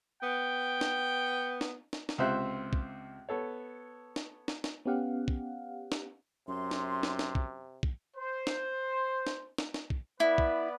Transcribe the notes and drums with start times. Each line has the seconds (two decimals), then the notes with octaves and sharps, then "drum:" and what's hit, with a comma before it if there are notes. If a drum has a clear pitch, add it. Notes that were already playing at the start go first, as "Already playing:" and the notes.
0.23 B3 G5
0.81 drum: snare
1.61 drum: snare
1.93 drum: snare
2.09 drum: snare
2.18 C#2 C3 F4 C5 E5 F#6
2.73 drum: kick
3.29 B3 A4 C#5
4.16 drum: snare
4.48 drum: snare
4.64 drum: snare
4.86 B3 C#4 G4 F5 F#5
5.28 drum: kick
5.92 drum: snare
6.48 F#2 C3 C6
6.71 drum: snare
7.03 drum: snare
7.19 drum: snare
7.35 drum: kick
7.83 drum: kick
8.15 C5
8.47 drum: snare
9.27 drum: snare
9.58 drum: snare
9.74 drum: snare
9.90 drum: kick
10.20 B3 E4 B4 D5
10.38 drum: kick